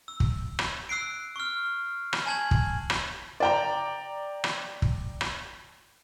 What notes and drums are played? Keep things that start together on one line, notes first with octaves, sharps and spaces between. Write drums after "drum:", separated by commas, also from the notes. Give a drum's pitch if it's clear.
E6
drum: kick
drum: rim click
E6 F#6 C7 D7
C#6 F6
drum: rim click
G#5 A5 G#6 F#7
drum: kick
drum: rim click
D5 G5 A#5
drum: rim click
drum: kick
drum: rim click